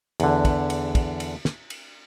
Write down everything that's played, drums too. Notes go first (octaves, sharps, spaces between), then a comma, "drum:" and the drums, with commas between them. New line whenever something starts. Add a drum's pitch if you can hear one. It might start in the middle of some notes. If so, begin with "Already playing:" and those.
E2 D3, drum: cymbal
drum: kick, cymbal
drum: cymbal
drum: kick, cymbal
drum: cymbal
drum: snare
drum: cymbal